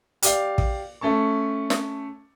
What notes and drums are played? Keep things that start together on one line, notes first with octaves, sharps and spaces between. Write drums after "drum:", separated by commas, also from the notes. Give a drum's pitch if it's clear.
G4 D5 F5, drum: hi-hat
drum: kick
A3 C#4 A5 C#6
drum: snare